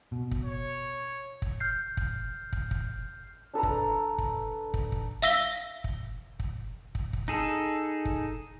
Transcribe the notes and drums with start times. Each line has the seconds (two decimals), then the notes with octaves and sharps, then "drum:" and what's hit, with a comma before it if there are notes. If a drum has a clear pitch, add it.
0.12 B2
0.31 drum: kick
0.45 C#5
1.42 drum: kick
1.60 F6 G6 C7
1.97 drum: kick
2.53 drum: kick
2.71 drum: kick
3.54 D4 A4 B4 A#5
3.63 drum: kick
4.18 drum: kick
4.74 drum: kick
4.92 drum: kick
5.22 E5 F5 E6 A#6 B6 G7
5.84 drum: kick
6.40 drum: kick
6.95 drum: kick
7.13 drum: kick
7.28 D#4 G#4 A4
8.05 drum: kick